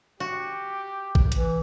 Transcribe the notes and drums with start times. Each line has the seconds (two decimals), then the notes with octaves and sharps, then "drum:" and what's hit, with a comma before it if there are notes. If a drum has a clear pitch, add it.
0.20 F#4 G4
1.15 drum: kick A1
1.32 E3, drum: hi-hat